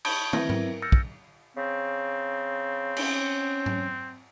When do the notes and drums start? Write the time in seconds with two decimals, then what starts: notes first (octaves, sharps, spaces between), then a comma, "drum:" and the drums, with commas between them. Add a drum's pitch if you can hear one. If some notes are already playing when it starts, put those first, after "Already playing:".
0.05 A5 B5 C#6 D#6 G6 G#6, drum: cymbal
0.33 C4 E4 B4 E5 G#6 A#6, drum: tom
0.49 A#4, drum: tom G#2
0.82 E6 F6 G6 A6 A#6 C#7
0.92 drum: kick
1.57 C#3 C4
2.97 C#4, drum: cymbal
3.66 drum: tom G#2